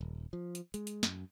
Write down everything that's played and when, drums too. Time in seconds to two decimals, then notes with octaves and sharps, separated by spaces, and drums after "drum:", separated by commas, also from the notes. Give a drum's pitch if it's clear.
0.01 D#1
0.33 F3
0.55 drum: hi-hat
0.74 G#3, drum: hi-hat
0.87 drum: hi-hat
1.03 F#2, drum: snare